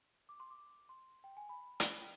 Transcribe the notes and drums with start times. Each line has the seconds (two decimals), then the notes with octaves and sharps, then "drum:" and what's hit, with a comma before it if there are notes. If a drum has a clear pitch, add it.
0.29 D6
0.40 C6
0.51 D6
0.89 C6
1.24 G5
1.37 G#5
1.49 B5
1.80 drum: hi-hat
2.01 G5